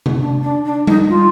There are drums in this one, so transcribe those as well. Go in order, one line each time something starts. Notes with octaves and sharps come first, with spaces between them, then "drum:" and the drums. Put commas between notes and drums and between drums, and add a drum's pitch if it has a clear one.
drum: tom C3
D4
D4
D4
D#4, drum: tom G3
F4